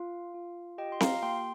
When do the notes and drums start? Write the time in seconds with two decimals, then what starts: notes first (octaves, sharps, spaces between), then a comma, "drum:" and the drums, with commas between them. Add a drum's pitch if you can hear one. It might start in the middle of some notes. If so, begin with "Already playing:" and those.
Already playing: F4 F5
0.34 F4
0.78 G4 D#5 G5
0.92 C6
1.00 F5 A#5, drum: snare C4
1.23 A#3 G5 C6